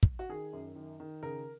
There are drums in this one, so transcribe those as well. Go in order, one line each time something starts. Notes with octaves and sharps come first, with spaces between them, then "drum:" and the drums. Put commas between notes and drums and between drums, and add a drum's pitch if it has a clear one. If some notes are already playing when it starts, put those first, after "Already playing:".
drum: kick
F#4
D#3 G#4
F#2
D#3
D#3
C#3 A#4